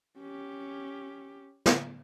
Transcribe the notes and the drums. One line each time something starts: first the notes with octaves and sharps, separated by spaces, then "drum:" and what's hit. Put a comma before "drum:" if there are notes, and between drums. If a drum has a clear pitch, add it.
C#4 G4
drum: snare